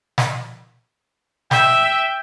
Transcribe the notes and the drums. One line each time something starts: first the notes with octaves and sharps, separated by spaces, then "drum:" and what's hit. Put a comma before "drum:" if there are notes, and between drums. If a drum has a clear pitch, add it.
drum: snare
E5 G5, drum: snare